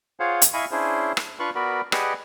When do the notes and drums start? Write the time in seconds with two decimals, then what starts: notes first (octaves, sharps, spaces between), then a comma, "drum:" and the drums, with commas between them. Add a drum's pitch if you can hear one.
0.20 F4 G#4 C5 C#5 F5 F#5
0.42 drum: hi-hat
0.53 E4 D#5 F5 G#5 B5 C#6
0.71 C#4 D4 E4 G#4 C5
1.17 drum: rim click
1.39 D4 F4 B4 F5 C#6 F#6
1.55 B3 F#4 A#4 D5 B5
1.92 G4 G#4 B4 D5 D#5 F#5, drum: rim click